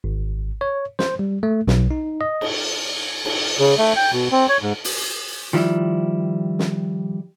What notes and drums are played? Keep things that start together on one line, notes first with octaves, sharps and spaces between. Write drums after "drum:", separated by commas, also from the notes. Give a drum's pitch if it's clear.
G#1
C#5
C5, drum: snare
G3
A3
B1, drum: snare
D#4
D#5
drum: cymbal
drum: cymbal
C#3
A3
G5
B2
C4
C#5
G#2
drum: open hi-hat
D#3 F3 G3 E4
drum: snare